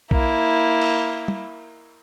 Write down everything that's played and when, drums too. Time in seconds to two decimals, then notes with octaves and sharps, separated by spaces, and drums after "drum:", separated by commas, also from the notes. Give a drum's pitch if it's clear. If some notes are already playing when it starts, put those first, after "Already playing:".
0.11 A#3 E4, drum: kick B1
0.81 drum: cymbal
1.28 drum: tom